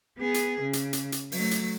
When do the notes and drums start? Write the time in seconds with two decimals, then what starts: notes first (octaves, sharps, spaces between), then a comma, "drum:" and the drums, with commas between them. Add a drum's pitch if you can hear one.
0.19 B3 G#4
0.34 drum: hi-hat
0.61 C#3
0.73 drum: hi-hat
0.93 drum: hi-hat
1.12 drum: hi-hat
1.32 F#3 A3, drum: open hi-hat
1.51 drum: hi-hat